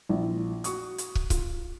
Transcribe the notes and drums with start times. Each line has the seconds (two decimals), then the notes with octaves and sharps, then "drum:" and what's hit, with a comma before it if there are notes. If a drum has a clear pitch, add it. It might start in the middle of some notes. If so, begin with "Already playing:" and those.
0.09 A#1 E4
0.64 F#4 C#6 D#6, drum: hi-hat
0.98 drum: hi-hat
1.15 drum: kick
1.30 F4, drum: kick, hi-hat